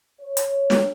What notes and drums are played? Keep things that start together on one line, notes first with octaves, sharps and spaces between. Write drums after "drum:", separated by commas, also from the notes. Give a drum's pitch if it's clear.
C#5
drum: hi-hat
drum: snare